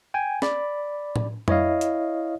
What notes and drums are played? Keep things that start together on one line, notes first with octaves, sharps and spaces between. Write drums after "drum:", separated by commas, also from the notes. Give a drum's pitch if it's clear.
G5 G#5
D5 B5, drum: snare C#4
drum: tom A2
E4 C#5 D#5 F5, drum: tom F2
drum: hi-hat